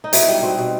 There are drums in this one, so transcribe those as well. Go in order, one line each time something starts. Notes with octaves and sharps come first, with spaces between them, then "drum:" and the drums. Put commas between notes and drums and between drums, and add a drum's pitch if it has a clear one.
D#4
B2 E4, drum: hi-hat
G3 D#4
B2 C4
B2